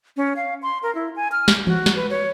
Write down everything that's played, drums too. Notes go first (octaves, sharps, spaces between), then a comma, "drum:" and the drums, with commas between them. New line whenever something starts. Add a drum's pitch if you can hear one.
C#4
F5
C6
A#4
E4
G#5
F6
drum: snare
F#4, drum: tom E3
drum: snare
B4
C#5